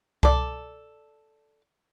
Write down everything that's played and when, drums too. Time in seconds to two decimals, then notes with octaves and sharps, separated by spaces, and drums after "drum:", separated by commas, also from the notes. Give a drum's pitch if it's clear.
0.23 A4 D5, drum: kick C2